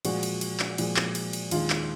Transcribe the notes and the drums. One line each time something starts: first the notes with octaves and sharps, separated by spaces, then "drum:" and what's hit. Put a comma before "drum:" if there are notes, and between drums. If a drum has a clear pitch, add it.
A#2 F3 G#3 F#4, drum: cymbal
drum: cymbal
drum: cymbal
drum: clap
A#2 F3 G#3, drum: cymbal
drum: clap
drum: cymbal
drum: cymbal
D#2 D#3 G#3 F4, drum: cymbal
drum: clap